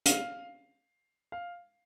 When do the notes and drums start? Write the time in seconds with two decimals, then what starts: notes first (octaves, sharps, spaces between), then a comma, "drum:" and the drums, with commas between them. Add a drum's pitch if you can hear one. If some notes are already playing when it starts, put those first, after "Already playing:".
0.06 F5, drum: hi-hat
1.32 F5